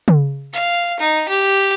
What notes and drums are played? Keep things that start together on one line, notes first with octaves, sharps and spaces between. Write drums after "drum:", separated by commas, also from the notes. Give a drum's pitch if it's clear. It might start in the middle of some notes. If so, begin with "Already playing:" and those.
drum: tom C#3
F5, drum: hi-hat
D#4
G4